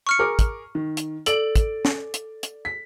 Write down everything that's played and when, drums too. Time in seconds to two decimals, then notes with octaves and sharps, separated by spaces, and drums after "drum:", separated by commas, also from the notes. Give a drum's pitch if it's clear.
0.07 C#6 F6 C#7
0.19 G#4 A#4 D6
0.39 drum: kick, hi-hat
0.75 D#3
0.97 drum: hi-hat
1.26 A4 D5 D7 F#7, drum: hi-hat
1.56 drum: kick, hi-hat
1.85 drum: snare
2.14 drum: hi-hat
2.43 drum: hi-hat
2.65 B6